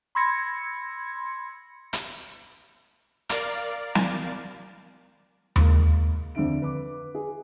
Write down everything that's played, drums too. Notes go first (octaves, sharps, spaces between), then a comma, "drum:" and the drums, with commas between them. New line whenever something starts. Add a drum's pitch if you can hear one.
B5 C6 E6 G#6 A#6 C#7
drum: hi-hat
A#4 D5 F5, drum: hi-hat
drum: snare
G#2 A#3, drum: tom D#2
F2 D3 C4 D4 E5 D7
B4 D6
G#4